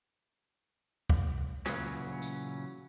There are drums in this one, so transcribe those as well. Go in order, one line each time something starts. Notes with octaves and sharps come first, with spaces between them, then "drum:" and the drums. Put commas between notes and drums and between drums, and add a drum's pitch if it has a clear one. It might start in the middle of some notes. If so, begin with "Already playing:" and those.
drum: kick
A#2 C#3 E3 F#3 C#4, drum: snare
drum: tambourine